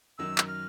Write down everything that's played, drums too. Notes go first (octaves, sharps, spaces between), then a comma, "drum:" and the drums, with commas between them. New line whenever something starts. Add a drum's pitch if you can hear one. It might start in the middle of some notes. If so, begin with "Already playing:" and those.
F#2 D#3 F#3 E6
drum: clap
F6